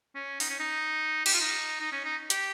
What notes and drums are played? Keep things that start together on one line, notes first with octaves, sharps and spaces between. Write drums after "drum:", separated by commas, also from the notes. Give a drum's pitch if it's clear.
C#4
D#4, drum: open hi-hat
C#4
D#4
G4, drum: cymbal
F4
D#4
D#4
C#4
D#4
G4, drum: hi-hat